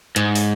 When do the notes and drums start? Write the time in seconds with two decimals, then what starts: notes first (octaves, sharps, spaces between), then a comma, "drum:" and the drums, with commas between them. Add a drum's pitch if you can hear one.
0.16 G#2, drum: hi-hat
0.35 drum: open hi-hat